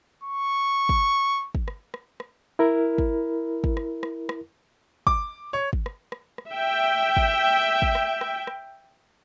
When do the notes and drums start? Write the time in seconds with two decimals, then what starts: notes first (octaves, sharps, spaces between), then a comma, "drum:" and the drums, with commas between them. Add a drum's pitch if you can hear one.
0.24 C#6
0.89 drum: kick
1.55 drum: kick
1.68 drum: rim click
1.94 drum: rim click
2.20 drum: rim click
2.59 E4 A#4
2.98 drum: kick
3.64 drum: kick
3.77 drum: rim click
4.03 drum: rim click
4.29 drum: rim click
5.07 D6, drum: kick
5.53 C#5
5.73 drum: kick
5.86 drum: rim click
6.12 drum: rim click
6.38 drum: rim click
6.50 E5 G5
7.17 drum: kick
7.82 drum: kick
7.95 drum: rim click
8.21 drum: rim click
8.47 drum: rim click